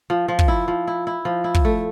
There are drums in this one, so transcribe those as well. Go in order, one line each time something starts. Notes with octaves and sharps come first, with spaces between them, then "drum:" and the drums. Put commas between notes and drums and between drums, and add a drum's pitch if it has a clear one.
F3
F3
drum: kick
E4
F3
E4
E4
F3
E4
drum: kick
A3